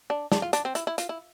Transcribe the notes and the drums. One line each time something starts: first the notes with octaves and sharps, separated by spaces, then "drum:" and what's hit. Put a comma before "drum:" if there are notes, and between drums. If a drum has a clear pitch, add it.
D4
D4, drum: snare
F4
D4, drum: hi-hat
C4
E4, drum: hi-hat
E4
F4, drum: hi-hat
E4